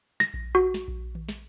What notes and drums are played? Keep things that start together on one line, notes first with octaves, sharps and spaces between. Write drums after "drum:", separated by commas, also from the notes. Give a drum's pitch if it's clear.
A#6, drum: snare
drum: kick A#1
F#4
drum: snare
drum: kick A#1
drum: tom D#3
drum: snare